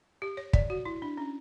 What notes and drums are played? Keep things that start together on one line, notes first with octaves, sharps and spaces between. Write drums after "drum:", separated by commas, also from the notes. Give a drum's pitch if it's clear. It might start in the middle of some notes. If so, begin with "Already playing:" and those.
G4
C#5
D5, drum: kick
F#4
E4
D4
C#4